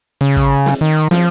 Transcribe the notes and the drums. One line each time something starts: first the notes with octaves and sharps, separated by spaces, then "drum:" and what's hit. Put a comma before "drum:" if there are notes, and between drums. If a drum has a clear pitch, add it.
C#3
drum: kick, hi-hat
drum: snare
D#3
drum: hi-hat
F3, drum: snare